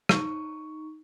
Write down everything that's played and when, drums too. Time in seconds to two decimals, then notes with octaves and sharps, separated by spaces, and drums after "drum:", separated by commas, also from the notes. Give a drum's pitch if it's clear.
0.09 D#4 C#6, drum: rim click